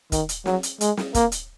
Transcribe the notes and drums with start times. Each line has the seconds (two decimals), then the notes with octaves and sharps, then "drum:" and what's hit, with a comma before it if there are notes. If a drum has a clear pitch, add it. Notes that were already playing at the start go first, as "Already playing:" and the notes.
0.12 D#3, drum: kick, hi-hat
0.29 drum: hi-hat
0.46 F#3, drum: snare
0.63 drum: hi-hat
0.81 G#3, drum: hi-hat
0.97 drum: snare
1.15 A#3, drum: kick, hi-hat
1.32 drum: hi-hat